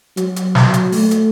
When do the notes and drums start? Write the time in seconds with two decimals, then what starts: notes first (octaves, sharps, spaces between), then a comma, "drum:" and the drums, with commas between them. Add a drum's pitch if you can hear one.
0.17 F#3, drum: hi-hat
0.36 drum: hi-hat
0.55 drum: snare
0.74 drum: hi-hat
0.92 A3, drum: open hi-hat
1.11 drum: hi-hat